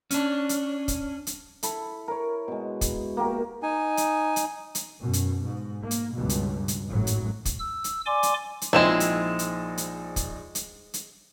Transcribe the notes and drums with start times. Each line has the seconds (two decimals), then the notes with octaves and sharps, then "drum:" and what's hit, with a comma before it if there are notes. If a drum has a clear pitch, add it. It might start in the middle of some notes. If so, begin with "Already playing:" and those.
0.11 C#4 D4, drum: hi-hat
0.49 drum: hi-hat
0.88 drum: kick, hi-hat
1.27 drum: hi-hat
1.63 E4 A4 B5, drum: hi-hat
2.08 A#4 C#5
2.48 B2 G#3
2.81 drum: kick, hi-hat
3.17 A#3 F#4 G4 A#4
3.62 D#4 G#5
3.97 drum: hi-hat
4.36 drum: hi-hat
4.75 drum: hi-hat
5.00 F#2 B2
5.13 drum: hi-hat
5.45 G#2
5.82 A#3
5.91 drum: hi-hat
6.14 C#2 G2 B2
6.29 drum: hi-hat
6.68 drum: hi-hat
6.88 G#1 F#2 A2 F#3
7.07 drum: hi-hat
7.45 drum: kick, hi-hat
7.59 E6
7.84 drum: hi-hat
8.06 D5 G#5 C6 D6
8.23 drum: hi-hat
8.61 drum: hi-hat
8.73 A#1 G#3 C4 D#4 E4 E7
9.00 drum: hi-hat
9.39 drum: hi-hat
9.78 drum: hi-hat
10.16 drum: kick, hi-hat
10.55 drum: hi-hat
10.94 drum: hi-hat